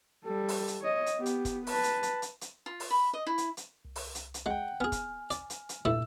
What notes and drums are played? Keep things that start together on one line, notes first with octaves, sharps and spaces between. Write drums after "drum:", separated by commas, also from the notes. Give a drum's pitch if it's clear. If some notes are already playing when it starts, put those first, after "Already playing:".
G3 A4
drum: open hi-hat
drum: hi-hat
C#5 D#5
drum: hi-hat
B3 G4
drum: hi-hat
drum: kick, hi-hat
B4 A5, drum: open hi-hat
drum: hi-hat
drum: hi-hat
drum: hi-hat
drum: hi-hat
F4
drum: open hi-hat
B5
D#5
E4
drum: hi-hat
drum: hi-hat
C2
drum: open hi-hat
drum: hi-hat
drum: hi-hat
G#3 F#5 G5
B3 G#4 G#5 F6
drum: kick, hi-hat
D5, drum: hi-hat
drum: hi-hat
drum: hi-hat
G2 A#2 A3 E4 E6